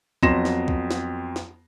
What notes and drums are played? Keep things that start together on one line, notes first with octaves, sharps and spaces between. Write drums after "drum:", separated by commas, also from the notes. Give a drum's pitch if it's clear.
F2 F#3 B3 C6 A#6 E7, drum: kick
drum: snare
drum: kick
drum: snare
drum: snare